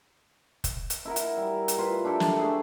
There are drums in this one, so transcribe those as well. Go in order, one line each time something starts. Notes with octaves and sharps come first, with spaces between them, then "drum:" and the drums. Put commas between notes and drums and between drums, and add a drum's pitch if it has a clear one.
drum: kick F1, hi-hat
drum: hi-hat
E4 A#4 F#5
drum: hi-hat
G3
drum: hi-hat
E4 F4 B4
D4 E4 G4 A4
D4, drum: snare
A3 G#4